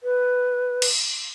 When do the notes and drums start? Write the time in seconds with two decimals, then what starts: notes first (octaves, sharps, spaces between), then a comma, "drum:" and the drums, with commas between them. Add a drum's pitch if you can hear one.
0.03 B4
0.82 drum: cymbal